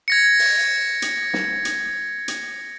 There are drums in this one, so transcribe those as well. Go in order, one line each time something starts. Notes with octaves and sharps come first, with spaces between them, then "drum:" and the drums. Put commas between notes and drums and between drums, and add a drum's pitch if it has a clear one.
G#6 A#6 C#7
drum: open hi-hat
drum: hi-hat
drum: snare
drum: hi-hat
drum: hi-hat